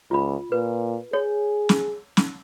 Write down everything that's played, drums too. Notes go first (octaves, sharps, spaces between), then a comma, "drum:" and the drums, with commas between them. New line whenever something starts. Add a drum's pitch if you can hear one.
C#2 F4 B5
A#2 B4
G#4 C#5
drum: snare
drum: snare